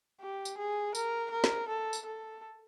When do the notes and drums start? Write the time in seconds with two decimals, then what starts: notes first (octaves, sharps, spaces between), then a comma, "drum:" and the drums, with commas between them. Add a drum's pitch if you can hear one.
0.21 G4
0.45 drum: tambourine
0.58 G#4
0.95 A#4, drum: tambourine
1.31 A#4
1.44 drum: snare
1.68 A4
1.93 drum: tambourine
2.05 A4